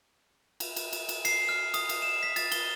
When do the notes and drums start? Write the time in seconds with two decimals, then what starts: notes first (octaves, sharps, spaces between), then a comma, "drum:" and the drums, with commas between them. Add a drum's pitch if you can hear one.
0.60 drum: cymbal
0.76 drum: cymbal
0.93 drum: cymbal
1.09 drum: cymbal
1.25 C7, drum: cymbal
1.49 F6
1.74 D#6, drum: cymbal
1.89 drum: cymbal
2.02 E7
2.23 B6
2.36 A6, drum: cymbal
2.52 G7, drum: cymbal